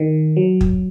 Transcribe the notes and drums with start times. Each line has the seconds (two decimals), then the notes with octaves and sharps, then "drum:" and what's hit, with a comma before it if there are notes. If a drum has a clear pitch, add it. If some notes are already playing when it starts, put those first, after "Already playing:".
Already playing: D#3
0.36 F#3
0.61 drum: kick